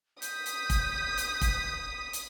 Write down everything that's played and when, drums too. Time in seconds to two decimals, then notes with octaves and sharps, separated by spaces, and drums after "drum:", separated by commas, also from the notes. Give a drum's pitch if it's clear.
0.22 D#6 G6 B6, drum: hi-hat
0.46 drum: hi-hat
0.70 drum: kick, hi-hat
1.17 drum: hi-hat
1.41 drum: kick, hi-hat
2.13 drum: hi-hat